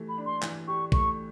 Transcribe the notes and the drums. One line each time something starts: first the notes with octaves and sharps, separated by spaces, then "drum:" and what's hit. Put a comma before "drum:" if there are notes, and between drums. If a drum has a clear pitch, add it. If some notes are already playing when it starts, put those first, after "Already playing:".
Already playing: E3 A3 G4
B5
D4
C6
E3, drum: clap
G4 C#6
A3 C#6, drum: kick A#1